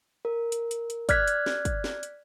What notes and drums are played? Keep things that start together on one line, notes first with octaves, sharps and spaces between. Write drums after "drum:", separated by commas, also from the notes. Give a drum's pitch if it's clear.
A#4
drum: hi-hat
drum: hi-hat
drum: hi-hat
D5 F6 F#6 G#6 B6, drum: kick, hi-hat
drum: hi-hat
drum: snare
drum: kick, hi-hat
drum: snare
drum: hi-hat